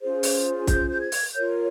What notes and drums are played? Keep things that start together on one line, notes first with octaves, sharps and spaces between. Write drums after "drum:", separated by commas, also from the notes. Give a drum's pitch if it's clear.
C#4 F4 G#4 C5
drum: open hi-hat
G6, drum: kick, hi-hat
G6
G#6
drum: open hi-hat
F4 A#4 C#5 G6